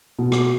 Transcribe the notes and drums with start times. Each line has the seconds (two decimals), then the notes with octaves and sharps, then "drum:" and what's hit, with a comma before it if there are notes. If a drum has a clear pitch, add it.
0.19 B2
0.32 drum: rim click